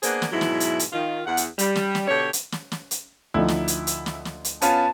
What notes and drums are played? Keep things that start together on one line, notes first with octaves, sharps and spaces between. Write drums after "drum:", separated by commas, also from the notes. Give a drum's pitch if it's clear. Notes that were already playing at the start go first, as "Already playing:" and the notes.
A#3 B3 D4 G#4 A#4 C5, drum: hi-hat
drum: snare
G#2 B2 E3 F#3 E4
drum: snare
drum: hi-hat
drum: hi-hat
D#3 F4
E2 F#5
drum: hi-hat
G3, drum: hi-hat
drum: snare
drum: snare
B2 D3 G4 C#5
drum: hi-hat
drum: snare
drum: snare
drum: hi-hat
D2 F3 D#4 E4
drum: snare
drum: hi-hat
drum: hi-hat
drum: snare
drum: snare
drum: hi-hat
B3 C#4 F4 A5, drum: hi-hat